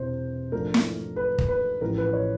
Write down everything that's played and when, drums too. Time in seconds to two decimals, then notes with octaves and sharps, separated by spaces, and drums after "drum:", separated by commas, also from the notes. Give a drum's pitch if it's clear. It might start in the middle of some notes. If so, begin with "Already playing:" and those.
Already playing: E1 C3 E3 C5
0.52 G#2 F3 A3 D4 F4 A#4
0.74 drum: snare
1.16 B4
1.38 drum: kick
1.49 B4
1.81 A1 A2 F3 A#4
1.98 B4
2.13 C#5